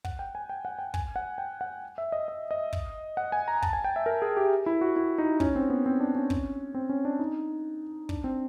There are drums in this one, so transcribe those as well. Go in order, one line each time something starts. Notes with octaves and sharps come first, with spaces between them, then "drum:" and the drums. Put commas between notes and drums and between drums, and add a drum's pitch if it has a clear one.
F#5, drum: kick
G5
G#5
G5
F#5
G5
G#5, drum: kick
F#5
G5
F#5
E5
D#5
D#5
D#5
drum: kick
F#5
G#5
A#5
A5, drum: kick
G#5
G5
E5
A#4
G#4
G4
E4
F#4
E4
D#4
C#4, drum: kick
C4
B3
C4
D4
C#4
drum: kick
C4
C#4
D4
D#4
D4, drum: kick
C4